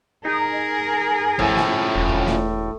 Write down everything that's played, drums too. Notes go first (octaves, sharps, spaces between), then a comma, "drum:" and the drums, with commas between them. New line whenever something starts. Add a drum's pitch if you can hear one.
D#4 G#4 A#4
A2 F3 C#4, drum: kick
drum: snare
E1
drum: kick
drum: snare